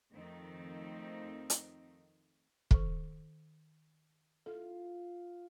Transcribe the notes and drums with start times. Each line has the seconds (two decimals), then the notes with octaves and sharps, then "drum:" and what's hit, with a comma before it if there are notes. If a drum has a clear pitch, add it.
0.13 F2 D#3 F3 A3 C4 D#4
1.50 drum: hi-hat
2.71 D#3 A4, drum: kick
4.46 F4 A4